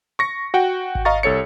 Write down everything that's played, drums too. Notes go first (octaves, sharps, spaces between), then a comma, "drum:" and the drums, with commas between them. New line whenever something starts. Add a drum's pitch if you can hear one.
C#6 A#6 C#7
F#4 F#5 G5
drum: kick G#1
D#5 F5 A#5 C#6 A6
C2 A4 C#5 C#7